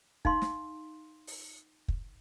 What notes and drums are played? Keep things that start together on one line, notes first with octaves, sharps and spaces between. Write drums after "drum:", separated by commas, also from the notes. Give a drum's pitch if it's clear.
D#4 F5 C6, drum: kick
drum: snare
drum: open hi-hat
drum: kick